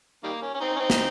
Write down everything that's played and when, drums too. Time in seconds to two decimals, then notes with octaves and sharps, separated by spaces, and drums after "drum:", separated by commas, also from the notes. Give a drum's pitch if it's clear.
0.23 D#3 G3 A#3
0.42 C#4
0.55 C#4
0.60 C4 D#4
0.76 C#4
0.79 C4 D#4
0.90 drum: snare